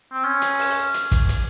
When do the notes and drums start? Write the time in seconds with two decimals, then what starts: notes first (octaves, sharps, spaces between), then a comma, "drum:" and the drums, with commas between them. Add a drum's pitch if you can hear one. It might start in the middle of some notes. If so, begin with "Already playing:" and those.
0.13 C4
0.24 C#4
0.42 drum: hi-hat
0.59 drum: open hi-hat
0.94 drum: hi-hat
1.12 drum: kick, hi-hat
1.29 drum: hi-hat